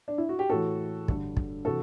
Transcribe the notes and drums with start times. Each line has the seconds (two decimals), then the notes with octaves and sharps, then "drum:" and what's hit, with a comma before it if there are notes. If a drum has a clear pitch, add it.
0.08 D4
0.18 E4
0.29 F#4
0.39 G4
0.49 A2 E3 F#4 A4
1.08 G2 D3, drum: kick
1.37 drum: kick
1.65 C3 E3 F#4 A4